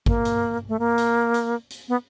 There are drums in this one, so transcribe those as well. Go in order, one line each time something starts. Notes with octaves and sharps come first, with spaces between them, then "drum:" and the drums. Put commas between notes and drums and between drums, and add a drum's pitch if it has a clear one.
A#3, drum: kick G#1
drum: hi-hat
A3
A#3
drum: hi-hat
drum: hi-hat
drum: hi-hat
B3